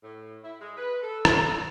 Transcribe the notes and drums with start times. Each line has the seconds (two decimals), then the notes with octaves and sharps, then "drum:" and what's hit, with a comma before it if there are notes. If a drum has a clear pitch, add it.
0.03 A2
0.43 E4
0.60 G#3
0.77 B4
1.02 A4
1.25 drum: rim click